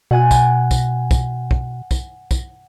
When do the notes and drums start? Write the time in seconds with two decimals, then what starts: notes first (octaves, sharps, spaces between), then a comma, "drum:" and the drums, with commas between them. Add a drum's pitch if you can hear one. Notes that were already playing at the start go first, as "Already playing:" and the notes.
0.11 B2 F#5 G#5
0.31 drum: kick, tambourine
0.71 drum: kick, tambourine
1.11 drum: kick, tambourine
1.51 drum: kick
1.91 drum: kick, tambourine
2.31 drum: kick, tambourine